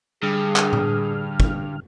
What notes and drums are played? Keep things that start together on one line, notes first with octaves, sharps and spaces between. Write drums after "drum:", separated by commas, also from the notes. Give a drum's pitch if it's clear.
G2 D3 G#4 F6
drum: clap
drum: tom A2
drum: kick